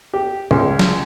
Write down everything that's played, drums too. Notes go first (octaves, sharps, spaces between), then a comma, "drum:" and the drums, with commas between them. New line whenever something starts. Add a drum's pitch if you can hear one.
G4
C#2, drum: tom A2
drum: snare